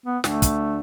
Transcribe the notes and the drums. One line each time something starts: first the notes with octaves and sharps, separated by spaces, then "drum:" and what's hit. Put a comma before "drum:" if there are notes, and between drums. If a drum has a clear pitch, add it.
B3
D2 A3, drum: snare
drum: kick, hi-hat